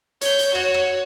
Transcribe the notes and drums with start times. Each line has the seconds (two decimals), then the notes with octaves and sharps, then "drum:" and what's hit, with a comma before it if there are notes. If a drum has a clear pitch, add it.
0.21 C#5 G6, drum: hi-hat
0.39 drum: hi-hat
0.55 F#4 C#5, drum: rim click
0.74 drum: rim click